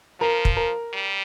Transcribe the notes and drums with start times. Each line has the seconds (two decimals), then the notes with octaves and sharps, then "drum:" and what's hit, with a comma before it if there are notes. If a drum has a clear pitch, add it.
0.20 F3 A#4
0.45 drum: kick
0.57 A#4
0.93 G3